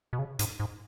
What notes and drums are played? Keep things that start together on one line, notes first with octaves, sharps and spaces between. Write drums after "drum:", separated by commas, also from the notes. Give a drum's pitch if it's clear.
B2
C#3
G#2, drum: hi-hat
G#2